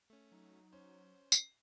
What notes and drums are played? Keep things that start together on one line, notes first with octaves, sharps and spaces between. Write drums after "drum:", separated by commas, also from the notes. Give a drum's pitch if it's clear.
A3 C#4
F#3 D#4
C#4 C5
drum: tambourine